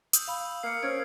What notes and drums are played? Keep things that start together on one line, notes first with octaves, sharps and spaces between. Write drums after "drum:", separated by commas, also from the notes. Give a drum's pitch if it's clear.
D#6 E6 G6, drum: hi-hat
F5 B5 D#6 E6
A#3 C7 C#7
C#4 A#4 C5 G#6 D7